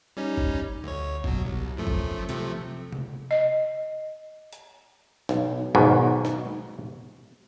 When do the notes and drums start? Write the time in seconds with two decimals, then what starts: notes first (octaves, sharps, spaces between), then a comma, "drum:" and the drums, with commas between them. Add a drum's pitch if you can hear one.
0.17 G3 C#4 D#4
0.37 drum: kick G1
0.84 D2 C#5
1.24 B2 F#3, drum: kick G1
1.45 C2
1.77 F#2 F3 A3
1.87 drum: kick G1
2.29 C3 F3 A3, drum: hi-hat
2.93 drum: tom C3
3.31 D#5
4.53 drum: hi-hat
5.29 B1, drum: snare
5.75 B1 G#2 B2 D#3
6.25 drum: snare
6.45 drum: tom G#3